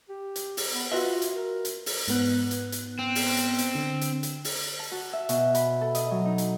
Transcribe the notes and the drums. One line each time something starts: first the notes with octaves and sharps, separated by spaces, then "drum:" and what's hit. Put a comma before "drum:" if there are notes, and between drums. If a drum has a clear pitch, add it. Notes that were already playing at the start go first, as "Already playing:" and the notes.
G4
drum: hi-hat
drum: open hi-hat
B3
F4 F#4 B4 E5
drum: hi-hat
A#4
drum: hi-hat
drum: open hi-hat
G#2 B3 F#6, drum: hi-hat
drum: hi-hat
drum: hi-hat
C4
drum: open hi-hat
drum: hi-hat
drum: hi-hat
D3
drum: hi-hat
drum: hi-hat
drum: open hi-hat
A5
F#4
E5
B2, drum: hi-hat
B5, drum: hi-hat
A4
D#5, drum: hi-hat
F#3
D#4
drum: hi-hat